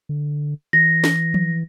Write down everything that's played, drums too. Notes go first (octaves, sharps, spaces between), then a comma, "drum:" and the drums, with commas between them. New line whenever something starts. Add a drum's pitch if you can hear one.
D3
E3 A#6
drum: snare
drum: tom F3